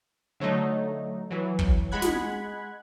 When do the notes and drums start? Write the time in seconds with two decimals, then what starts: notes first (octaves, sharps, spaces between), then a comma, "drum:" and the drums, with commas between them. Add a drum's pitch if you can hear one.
0.40 D3 F#3 A3 D#4
1.30 E3 F#3
1.59 drum: kick
1.91 G#3 F#5 B5 F#6 G#6
2.02 drum: snare